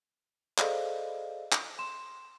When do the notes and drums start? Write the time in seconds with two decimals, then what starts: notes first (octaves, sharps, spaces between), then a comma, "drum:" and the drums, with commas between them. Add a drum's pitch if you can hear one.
0.58 G#4 A4 C5 D5 D#5 F5, drum: clap
1.52 drum: clap
1.79 C6 E7